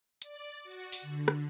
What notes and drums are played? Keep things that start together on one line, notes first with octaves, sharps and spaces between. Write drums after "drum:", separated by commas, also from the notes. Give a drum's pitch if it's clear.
D5, drum: hi-hat
F#4
drum: open hi-hat
D3
drum: rim click